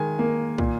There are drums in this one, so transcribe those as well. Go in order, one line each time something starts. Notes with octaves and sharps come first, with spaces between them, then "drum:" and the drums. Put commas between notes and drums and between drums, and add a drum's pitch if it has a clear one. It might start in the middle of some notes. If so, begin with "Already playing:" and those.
Already playing: D#3 G#3 G#5
A#3
A#2, drum: kick